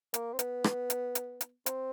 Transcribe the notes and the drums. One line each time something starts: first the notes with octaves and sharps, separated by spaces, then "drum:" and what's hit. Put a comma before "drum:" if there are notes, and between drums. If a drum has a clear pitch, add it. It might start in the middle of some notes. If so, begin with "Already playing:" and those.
A#3, drum: hi-hat
C4
B3, drum: hi-hat
drum: rim click
drum: hi-hat
drum: hi-hat
drum: hi-hat
C4, drum: hi-hat